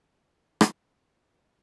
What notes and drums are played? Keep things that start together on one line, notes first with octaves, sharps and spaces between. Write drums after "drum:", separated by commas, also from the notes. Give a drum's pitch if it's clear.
drum: rim click
B3 F#4 G4 A6